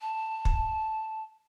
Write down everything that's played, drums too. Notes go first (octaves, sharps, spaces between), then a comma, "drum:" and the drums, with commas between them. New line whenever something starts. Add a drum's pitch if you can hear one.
A5
drum: kick